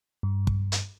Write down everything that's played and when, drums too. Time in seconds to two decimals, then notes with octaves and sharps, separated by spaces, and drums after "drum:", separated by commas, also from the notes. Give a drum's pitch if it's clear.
0.23 G2
0.47 drum: kick
0.72 drum: hi-hat